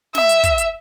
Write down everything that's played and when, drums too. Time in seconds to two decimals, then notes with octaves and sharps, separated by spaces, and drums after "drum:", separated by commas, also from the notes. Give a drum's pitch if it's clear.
0.15 E5, drum: snare
0.29 drum: hi-hat
0.44 drum: kick, hi-hat
0.58 drum: hi-hat